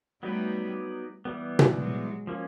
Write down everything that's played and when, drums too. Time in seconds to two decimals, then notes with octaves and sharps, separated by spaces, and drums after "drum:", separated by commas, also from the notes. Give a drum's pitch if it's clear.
0.23 F#3 G3 A3 B3 D#4 G4 B4
1.25 E3 G3 B3
1.59 drum: tom B2
1.76 F#3 G#3
2.27 F3 A#3 C#4